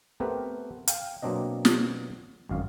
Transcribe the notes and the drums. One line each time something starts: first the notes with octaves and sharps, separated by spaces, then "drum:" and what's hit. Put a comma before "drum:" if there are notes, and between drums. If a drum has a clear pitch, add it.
A3 B3 C4 G4 A#4 B4
F5 G5, drum: hi-hat
B2 F#3 A#3 C4 D4 D#5
drum: snare
G#1 F#2 F5